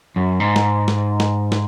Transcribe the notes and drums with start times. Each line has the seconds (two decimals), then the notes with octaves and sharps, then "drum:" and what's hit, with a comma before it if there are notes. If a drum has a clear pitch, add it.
0.16 F#2
0.40 G#2
0.56 drum: snare
0.88 drum: snare
1.20 drum: snare
1.52 drum: snare